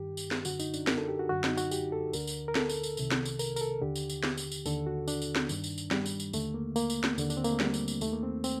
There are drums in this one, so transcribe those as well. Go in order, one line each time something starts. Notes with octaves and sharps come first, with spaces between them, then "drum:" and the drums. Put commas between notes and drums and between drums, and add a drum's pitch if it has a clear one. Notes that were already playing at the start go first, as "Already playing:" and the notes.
Already playing: G2 D#3 G4
drum: tambourine
drum: snare
F#2 D3 F#4, drum: tambourine
D#4, drum: tambourine
D4, drum: tambourine
A#4, drum: snare
A4
G4
F#4
F#2 D3 F#4
D#4, drum: snare
F#4, drum: tambourine
G4, drum: tambourine
A4
D2 D3 A#4, drum: tambourine
drum: tambourine
A#4
A4, drum: snare
drum: tambourine
drum: tambourine
C2 C3 D#3, drum: tambourine
drum: snare
drum: tambourine
A#4, drum: tambourine
A#4, drum: tambourine
A4
D#2 D3 G4
drum: tambourine
drum: tambourine
drum: snare
drum: tambourine
drum: tambourine
D#2 D3 A4, drum: tambourine
F#4
D4, drum: tambourine
drum: tambourine
drum: snare
G2 D#3, drum: tambourine
drum: tambourine
drum: tambourine
G3, drum: snare
drum: tambourine
drum: tambourine
D#2 D3 A3, drum: tambourine
A#3
A#3, drum: tambourine
drum: tambourine
drum: snare
D#2 D3, drum: tambourine
D4, drum: tambourine
C4
A#3, drum: tambourine
A3
G3, drum: snare
drum: tambourine
drum: tambourine
D#2 D#3 A3, drum: tambourine
A#3
C4
C4, drum: tambourine